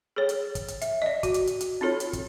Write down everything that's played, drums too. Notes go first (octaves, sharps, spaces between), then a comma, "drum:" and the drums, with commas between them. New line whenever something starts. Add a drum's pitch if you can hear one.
G#4 A4 C#5
drum: hi-hat
drum: kick, hi-hat
drum: hi-hat
E5, drum: hi-hat
D5 D#5
F#4, drum: kick, hi-hat
drum: hi-hat
drum: hi-hat
drum: hi-hat
C4 D#4 F4 A4 C#5
drum: hi-hat
drum: kick, hi-hat